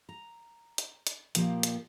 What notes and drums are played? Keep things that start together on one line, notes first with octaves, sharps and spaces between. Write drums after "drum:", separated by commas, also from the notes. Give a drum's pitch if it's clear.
A#5
drum: hi-hat
drum: hi-hat
A#2 F3 A#3 G4, drum: hi-hat
drum: hi-hat